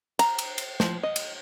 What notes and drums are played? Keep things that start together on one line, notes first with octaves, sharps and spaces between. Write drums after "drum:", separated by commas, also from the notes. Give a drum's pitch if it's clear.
A#5, drum: cymbal
drum: cymbal
drum: cymbal
F3, drum: snare
D#5
drum: cymbal